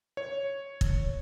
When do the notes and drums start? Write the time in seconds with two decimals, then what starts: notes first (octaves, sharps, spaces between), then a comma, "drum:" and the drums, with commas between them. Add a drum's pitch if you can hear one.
0.17 C#5
0.81 drum: kick